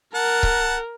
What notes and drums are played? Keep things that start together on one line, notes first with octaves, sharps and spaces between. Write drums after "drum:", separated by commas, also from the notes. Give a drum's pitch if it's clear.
A#4 F#5 A5
drum: kick C#1